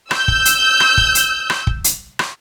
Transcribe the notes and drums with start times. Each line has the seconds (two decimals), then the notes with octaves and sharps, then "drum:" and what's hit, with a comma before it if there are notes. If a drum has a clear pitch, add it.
0.11 E6 G6, drum: rim click
0.28 drum: kick
0.45 drum: hi-hat
0.80 drum: rim click
0.97 drum: kick
1.15 drum: hi-hat
1.50 drum: rim click
1.67 drum: kick
1.84 drum: hi-hat
2.19 drum: rim click